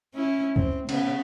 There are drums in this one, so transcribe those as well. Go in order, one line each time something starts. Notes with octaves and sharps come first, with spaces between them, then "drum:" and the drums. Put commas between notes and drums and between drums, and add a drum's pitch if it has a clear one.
C#4 E4
C4, drum: kick
C#3 B3, drum: cymbal